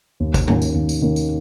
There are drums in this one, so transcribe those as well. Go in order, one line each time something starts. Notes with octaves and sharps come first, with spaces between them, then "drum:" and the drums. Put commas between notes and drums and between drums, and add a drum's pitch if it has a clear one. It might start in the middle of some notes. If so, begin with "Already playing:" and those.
D#2
drum: kick, tambourine
D#3 A#3 C#4, drum: tom G#2
drum: tambourine
D#2
drum: tambourine
D#3 A#3 C#4
drum: tambourine